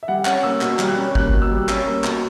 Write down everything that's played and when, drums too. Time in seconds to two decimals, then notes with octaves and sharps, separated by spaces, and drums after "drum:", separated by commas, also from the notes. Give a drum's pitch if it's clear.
0.03 E5
0.08 G3 F#5
0.25 C#4 F#5, drum: clap
0.43 A#3 E6
0.61 B2, drum: clap
0.79 G3, drum: clap
0.88 F#6
0.97 C#4
1.15 A#3 F#6, drum: kick G1
1.33 B2
1.42 E6
1.51 G3
1.69 C#4 E6, drum: clap
1.87 A#3
2.04 B2, drum: clap